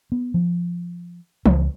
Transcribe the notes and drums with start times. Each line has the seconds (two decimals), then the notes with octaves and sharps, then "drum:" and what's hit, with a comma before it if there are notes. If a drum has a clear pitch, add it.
0.12 B3
0.34 F3
1.46 C#2, drum: tom E3